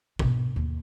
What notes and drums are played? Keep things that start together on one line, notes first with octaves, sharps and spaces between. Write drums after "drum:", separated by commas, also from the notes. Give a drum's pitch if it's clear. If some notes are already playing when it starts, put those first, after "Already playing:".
B2 D4, drum: kick
D#2